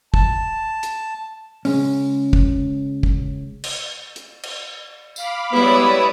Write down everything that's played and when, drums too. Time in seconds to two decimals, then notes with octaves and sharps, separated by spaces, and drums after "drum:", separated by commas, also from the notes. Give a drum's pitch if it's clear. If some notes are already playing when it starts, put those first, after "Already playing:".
0.14 A5, drum: kick
0.83 drum: hi-hat
1.65 C#3 G#3 C#4, drum: open hi-hat
2.33 drum: kick
3.03 drum: kick
3.64 drum: cymbal
4.16 drum: hi-hat
4.43 drum: cymbal
5.16 F5 B5 D6, drum: tambourine
5.53 G3 G#3 B3 E4 B4 C#5 D5 D#6